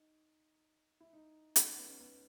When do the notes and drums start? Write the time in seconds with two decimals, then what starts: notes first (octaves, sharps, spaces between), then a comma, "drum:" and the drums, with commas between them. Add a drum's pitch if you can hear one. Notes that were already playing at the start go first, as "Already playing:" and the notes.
Already playing: D#4
1.00 E4
1.13 D#4
1.56 D#4, drum: hi-hat
1.67 C#4
1.77 B3
1.88 C#4
2.00 B3